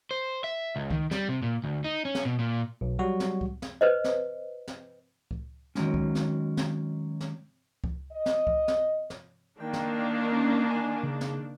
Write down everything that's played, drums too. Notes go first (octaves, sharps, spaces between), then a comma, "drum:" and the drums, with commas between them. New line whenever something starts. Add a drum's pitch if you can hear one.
C5
E5
C#2
D#3, drum: kick C#2
G3, drum: snare
C3
A#2
D2
D#4
C#4
drum: snare
B2
A#2
B1
F#3 G3 F#4
drum: snare
drum: kick C#2
drum: snare
B4 C5 D#5
drum: snare
drum: snare
drum: kick C#2
D#3 F#3 G#3 C#4, drum: snare
drum: kick C#2
drum: snare
drum: snare
drum: snare
drum: kick C#2
D#5
drum: snare
drum: kick C#2
drum: snare
drum: snare
D#3 A#3 D4 G5
drum: snare
C#4
G#5
C#3
drum: snare